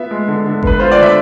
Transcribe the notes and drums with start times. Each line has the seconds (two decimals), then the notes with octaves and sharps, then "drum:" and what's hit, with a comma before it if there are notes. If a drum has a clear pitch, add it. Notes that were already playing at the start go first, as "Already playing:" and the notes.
Already playing: B3 F4 E5
0.11 G#3
0.28 D3
0.46 D3
0.63 B3 B4, drum: kick G1
0.79 F4 C5
0.92 D5
0.97 D3
1.03 E5